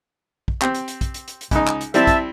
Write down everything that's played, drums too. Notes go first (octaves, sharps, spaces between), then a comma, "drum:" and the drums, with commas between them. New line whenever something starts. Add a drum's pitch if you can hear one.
drum: kick
C4 G4, drum: clap
drum: hi-hat
drum: hi-hat
drum: kick, hi-hat
drum: hi-hat
drum: hi-hat
drum: hi-hat
C#2 D#4, drum: kick, hi-hat
drum: clap
drum: hi-hat
G3 C4 E4 E5 A5, drum: hi-hat
drum: kick, hi-hat